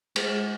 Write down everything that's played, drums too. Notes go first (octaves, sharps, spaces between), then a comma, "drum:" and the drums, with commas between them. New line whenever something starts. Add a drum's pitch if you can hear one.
G#3, drum: cymbal